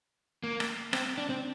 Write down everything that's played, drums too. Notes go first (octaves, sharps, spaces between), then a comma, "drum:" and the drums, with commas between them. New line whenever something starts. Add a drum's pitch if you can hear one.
A#3
drum: rim click
C4, drum: rim click
D4
C4